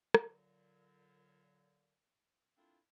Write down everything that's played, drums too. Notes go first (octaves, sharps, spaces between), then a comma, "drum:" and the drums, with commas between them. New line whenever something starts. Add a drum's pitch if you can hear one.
A#2 D3 F#3, drum: rim click
A3 A#3 C4 D4 E4 F4